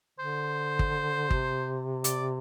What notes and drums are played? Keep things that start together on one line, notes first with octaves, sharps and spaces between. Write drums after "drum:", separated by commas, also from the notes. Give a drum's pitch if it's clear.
D3 C5
drum: kick
C3, drum: kick
D5, drum: hi-hat